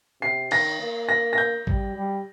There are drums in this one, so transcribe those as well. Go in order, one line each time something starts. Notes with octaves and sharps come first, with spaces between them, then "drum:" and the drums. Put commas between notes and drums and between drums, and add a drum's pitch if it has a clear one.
C3 C7
D#3 A#6, drum: cymbal
A#3
A#6
A#6
G6
G3, drum: kick
G3